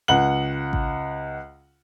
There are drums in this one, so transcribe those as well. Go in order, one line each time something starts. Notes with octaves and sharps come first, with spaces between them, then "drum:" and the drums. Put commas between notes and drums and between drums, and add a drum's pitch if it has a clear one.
C#2 F#5 F#7
drum: kick A1